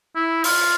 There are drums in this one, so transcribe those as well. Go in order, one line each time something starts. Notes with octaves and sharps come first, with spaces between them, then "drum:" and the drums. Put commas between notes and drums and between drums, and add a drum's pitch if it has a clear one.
E4
F4, drum: open hi-hat